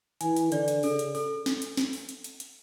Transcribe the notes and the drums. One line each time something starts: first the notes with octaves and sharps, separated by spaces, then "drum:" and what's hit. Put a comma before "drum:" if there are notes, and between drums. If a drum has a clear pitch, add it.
E3 G#5, drum: hi-hat
drum: hi-hat
D3 D5, drum: hi-hat
drum: hi-hat
C#3 A4, drum: open hi-hat
drum: hi-hat
A4, drum: open hi-hat
drum: snare
drum: hi-hat
drum: snare
drum: open hi-hat
drum: hi-hat
drum: hi-hat
drum: hi-hat